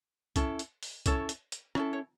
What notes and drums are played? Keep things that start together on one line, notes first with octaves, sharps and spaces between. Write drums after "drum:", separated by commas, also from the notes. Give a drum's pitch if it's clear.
C#4 E4 A4, drum: kick, hi-hat
drum: hi-hat
drum: open hi-hat
C#4 E4 A4 C#5, drum: kick, hi-hat
drum: hi-hat
drum: hi-hat
C#4 E4 A4 C#5, drum: rim click
C#5